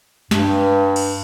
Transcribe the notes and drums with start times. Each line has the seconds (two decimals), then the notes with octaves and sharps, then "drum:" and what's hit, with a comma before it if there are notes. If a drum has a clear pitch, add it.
0.31 G2, drum: snare
0.96 drum: cymbal